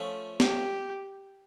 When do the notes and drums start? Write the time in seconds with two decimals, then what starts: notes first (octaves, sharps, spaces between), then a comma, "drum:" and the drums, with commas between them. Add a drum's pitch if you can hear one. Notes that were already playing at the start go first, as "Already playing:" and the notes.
Already playing: F3 A3 C#4
0.40 G4, drum: snare